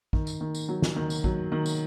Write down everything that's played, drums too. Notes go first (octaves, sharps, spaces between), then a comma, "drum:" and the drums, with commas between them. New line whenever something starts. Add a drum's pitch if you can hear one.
D#3, drum: kick
drum: tambourine
D#3
drum: tambourine
F#3
drum: snare
D#3
drum: tambourine
F#3, drum: kick
D#3
drum: tambourine